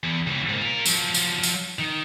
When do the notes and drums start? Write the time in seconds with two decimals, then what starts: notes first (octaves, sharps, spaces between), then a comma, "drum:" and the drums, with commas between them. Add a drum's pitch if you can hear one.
0.03 E2
0.27 C#2 E3
0.49 G#2 A#3
0.61 F4 A#4
0.86 F3 F#3, drum: tambourine
1.14 drum: tambourine
1.43 drum: tambourine
1.79 D#3